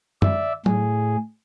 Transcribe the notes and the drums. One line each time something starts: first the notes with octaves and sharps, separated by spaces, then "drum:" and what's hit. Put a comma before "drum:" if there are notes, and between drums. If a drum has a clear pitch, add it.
D5 E5, drum: tom
A2 G#4, drum: tom